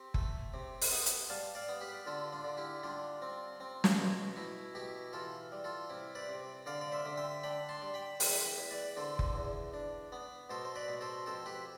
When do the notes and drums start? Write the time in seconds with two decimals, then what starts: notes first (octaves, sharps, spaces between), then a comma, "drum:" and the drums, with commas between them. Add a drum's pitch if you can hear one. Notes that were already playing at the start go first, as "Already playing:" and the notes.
Already playing: C4 G4
0.14 A3, drum: kick F#1
0.54 C3
0.81 drum: open hi-hat
0.91 B3
1.06 drum: hi-hat
1.29 G3 F5 A5
1.55 D5 F5
1.69 B3
1.81 G4 B4
2.06 D3 F4 A4
2.33 D4 F4
2.44 D3
2.57 E4 G4
2.83 G3 D4 F4
3.22 C4
3.60 C4
3.84 drum: snare
3.98 B2
4.36 B2 E4
4.75 B2 E4 G4
5.13 E3 F4 A4
5.52 G3
5.64 F4 A4
5.90 C3 E4
6.15 B4 D5
6.29 C3
6.66 D3 D5 F5
6.81 D5
6.92 C5 E5
7.06 D3
7.17 E5 G5
7.43 D4 G5 B5
7.69 A5 C6
7.82 G3
7.94 G5 B5
8.20 E2 G5 B5, drum: open hi-hat
8.45 G5 B5
8.58 E2
8.71 B4 D5
8.97 D3 A4 C5
9.19 drum: kick F#1
9.35 E2
9.74 D4
10.12 B3
10.50 B2 A4 C5
10.65 C5
10.75 B4 D5
10.88 B2
11.01 A4 C5
11.26 F2 A4 C5
11.46 G4 B4